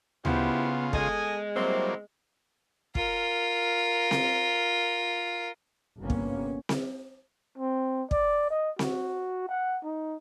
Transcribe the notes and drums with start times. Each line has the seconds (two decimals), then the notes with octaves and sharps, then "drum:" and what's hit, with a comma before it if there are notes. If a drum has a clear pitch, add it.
0.25 C#3 B3 E4 F4 G4 C5, drum: tom D2
0.93 G#3 A4 D#5 G#5, drum: kick
1.56 F#3 G3 A#3 C4 E4
2.95 F4 A#4, drum: kick
4.11 drum: snare C4
5.99 G1 C3 A#3 B3 C#4
6.10 drum: kick
6.69 drum: snare C4
7.58 C4
8.11 D5, drum: kick
8.50 D#5
8.79 F#4, drum: snare C4
9.49 F#5
9.84 D#4